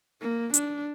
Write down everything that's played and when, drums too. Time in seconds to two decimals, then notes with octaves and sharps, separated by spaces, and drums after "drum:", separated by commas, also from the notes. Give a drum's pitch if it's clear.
0.21 A#3
0.54 D4, drum: hi-hat